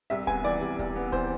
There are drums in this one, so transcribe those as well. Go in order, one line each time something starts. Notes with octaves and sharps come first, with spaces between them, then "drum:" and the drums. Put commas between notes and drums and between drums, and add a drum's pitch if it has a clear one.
C2 E5, drum: hi-hat
B3 G#5, drum: kick D#1, hi-hat
E3 D5
C3, drum: hi-hat
C2, drum: kick D#1, hi-hat
B3
E3 C5, drum: kick D#1, hi-hat